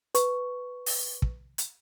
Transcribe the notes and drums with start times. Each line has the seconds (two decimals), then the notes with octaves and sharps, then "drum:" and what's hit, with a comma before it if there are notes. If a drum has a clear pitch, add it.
0.15 B4 C#6, drum: hi-hat
0.86 drum: open hi-hat
1.22 drum: kick
1.58 drum: hi-hat